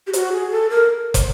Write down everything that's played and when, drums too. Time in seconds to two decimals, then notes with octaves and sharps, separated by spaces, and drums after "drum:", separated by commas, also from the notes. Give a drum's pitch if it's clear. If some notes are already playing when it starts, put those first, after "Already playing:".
0.07 G4
0.13 F#4, drum: hi-hat
0.32 G#4
0.51 A4
0.70 A#4
1.14 drum: kick, hi-hat